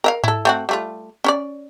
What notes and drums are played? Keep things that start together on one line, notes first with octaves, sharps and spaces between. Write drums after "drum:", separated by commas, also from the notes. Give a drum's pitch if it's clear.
A#4 E5 F5
E4 A4, drum: tom G#2
A3 C4 F#4
G3 A3 F4
C#4 C#5 D5